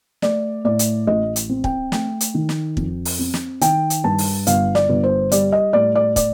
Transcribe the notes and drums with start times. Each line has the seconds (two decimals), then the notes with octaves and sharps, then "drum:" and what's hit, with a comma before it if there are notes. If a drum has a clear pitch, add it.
0.22 A3 D5, drum: snare
0.65 A2 D5
0.79 drum: hi-hat
1.07 A1 D#5
1.36 drum: hi-hat
1.49 C4
1.64 G5, drum: kick
1.92 A3 G5, drum: snare
2.21 drum: hi-hat
2.35 D#3
2.49 drum: snare
2.77 F2, drum: kick
3.05 drum: open hi-hat
3.19 C4
3.34 drum: snare
3.61 D#3 G5, drum: hi-hat
3.90 drum: hi-hat
4.04 G2 A5
4.18 drum: open hi-hat
4.47 G1 F5, drum: hi-hat
4.75 D5, drum: snare
4.89 G1
5.04 C5
5.32 G3 D5, drum: hi-hat
5.53 D#5
5.73 A2 D5
5.95 D5
6.16 D5, drum: kick, hi-hat